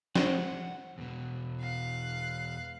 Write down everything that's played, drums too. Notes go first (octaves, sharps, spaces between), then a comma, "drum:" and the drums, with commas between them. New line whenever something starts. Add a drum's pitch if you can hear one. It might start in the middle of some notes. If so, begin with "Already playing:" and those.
F#5, drum: snare
E2 B2
F5 F#6